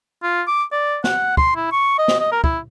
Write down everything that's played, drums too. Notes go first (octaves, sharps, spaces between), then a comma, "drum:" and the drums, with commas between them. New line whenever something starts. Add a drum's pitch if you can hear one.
F4
D6
D5
F#5, drum: snare
C6, drum: kick
E4
C#6
D#5
drum: snare
D#5
A#4
E4, drum: kick